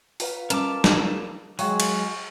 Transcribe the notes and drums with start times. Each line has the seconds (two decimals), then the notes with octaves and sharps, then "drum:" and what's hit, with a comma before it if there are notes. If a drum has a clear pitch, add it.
0.20 F4 B4 F5, drum: open hi-hat
0.50 G3 C#4 A#4 A5 D6, drum: hi-hat
0.84 drum: snare
1.59 F#3 G#3 C#5 F5 G5 C#6, drum: open hi-hat
1.80 drum: cymbal